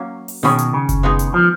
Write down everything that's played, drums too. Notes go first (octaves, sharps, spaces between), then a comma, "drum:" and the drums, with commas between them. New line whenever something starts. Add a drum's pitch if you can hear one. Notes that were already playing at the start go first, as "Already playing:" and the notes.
Already playing: F#3 A#3 C#4
drum: open hi-hat
B2 D#3 F#3 C#4 G#4
drum: hi-hat
C#3
drum: kick F#1, hi-hat
G#3 B3 D#4 G#4
drum: hi-hat
F3